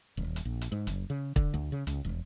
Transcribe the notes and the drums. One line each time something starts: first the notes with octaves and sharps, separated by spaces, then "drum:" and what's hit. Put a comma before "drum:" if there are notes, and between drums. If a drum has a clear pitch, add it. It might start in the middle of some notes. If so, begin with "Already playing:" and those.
D#1
drum: hi-hat
A#1
drum: hi-hat
G#2
F#1, drum: hi-hat
C#3
D3, drum: kick
D2
C#3
C#2, drum: hi-hat
E1